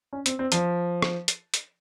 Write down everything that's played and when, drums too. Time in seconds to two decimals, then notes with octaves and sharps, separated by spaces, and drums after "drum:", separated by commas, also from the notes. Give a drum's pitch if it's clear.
0.13 C#4
0.26 C4, drum: hi-hat
0.39 C4
0.52 F3, drum: hi-hat
1.02 drum: rim click
1.28 drum: hi-hat
1.54 drum: hi-hat